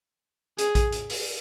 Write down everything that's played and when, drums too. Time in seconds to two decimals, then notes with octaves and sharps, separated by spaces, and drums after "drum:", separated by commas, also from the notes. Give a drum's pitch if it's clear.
0.59 G#4, drum: hi-hat
0.75 drum: kick A#1, hi-hat
0.92 drum: hi-hat
1.10 drum: open hi-hat